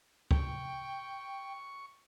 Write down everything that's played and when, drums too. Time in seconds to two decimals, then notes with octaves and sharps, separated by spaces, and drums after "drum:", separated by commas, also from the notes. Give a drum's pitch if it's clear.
0.31 G5 C#6, drum: kick C#2